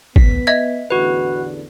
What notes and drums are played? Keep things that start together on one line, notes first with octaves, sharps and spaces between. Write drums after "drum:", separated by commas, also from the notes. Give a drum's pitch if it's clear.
B3 B6, drum: kick
D#5 E5 G#6
A1 E2 D3 F#4 B4